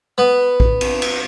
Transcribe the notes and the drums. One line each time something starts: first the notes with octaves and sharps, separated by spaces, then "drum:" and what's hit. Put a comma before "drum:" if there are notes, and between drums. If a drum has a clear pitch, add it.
B3
drum: kick
drum: cymbal
drum: cymbal